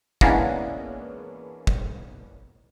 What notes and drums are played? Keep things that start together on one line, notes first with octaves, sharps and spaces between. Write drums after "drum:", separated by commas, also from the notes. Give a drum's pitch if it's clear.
E3 G#3 A#3 B3 C#4 D4, drum: kick
drum: kick